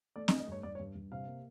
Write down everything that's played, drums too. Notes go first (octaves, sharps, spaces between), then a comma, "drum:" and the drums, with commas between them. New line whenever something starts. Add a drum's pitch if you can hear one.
A3 D5
D#5, drum: snare C4
A3
D#5
G2 C#5
G2 D5
C#5
G2
G2
C3 F5
A#3